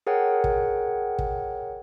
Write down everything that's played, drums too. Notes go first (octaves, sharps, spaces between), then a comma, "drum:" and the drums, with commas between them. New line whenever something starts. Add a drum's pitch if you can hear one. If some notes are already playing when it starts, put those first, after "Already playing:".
G#4 A#4 C#5 F#5 G5
drum: kick
drum: kick